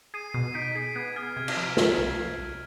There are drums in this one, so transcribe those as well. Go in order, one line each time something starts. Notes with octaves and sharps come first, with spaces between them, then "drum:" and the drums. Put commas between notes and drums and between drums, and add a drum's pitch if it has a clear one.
G#4 C7 D#7
B2 C7 D#7
D#4 B6 D7
G#4 C7
B3 G#6
G#4 F6
C3 G#6
drum: cymbal
F3 F6
F3, drum: snare
C2
F3
C2